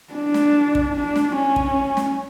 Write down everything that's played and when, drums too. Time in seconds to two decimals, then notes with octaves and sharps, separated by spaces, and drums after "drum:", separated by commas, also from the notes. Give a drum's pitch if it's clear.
0.14 D4
0.34 drum: snare
0.75 drum: kick
0.95 D4
1.16 drum: snare
1.36 C#4
1.56 drum: kick
1.97 drum: snare